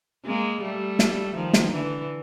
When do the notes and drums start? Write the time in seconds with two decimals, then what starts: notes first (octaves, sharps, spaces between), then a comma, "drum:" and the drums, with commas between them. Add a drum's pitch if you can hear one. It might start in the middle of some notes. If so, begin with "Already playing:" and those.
0.26 G#3 A#3
0.62 G3 A3
0.99 drum: snare
1.35 D#3 F3
1.53 drum: snare
1.72 D3 E3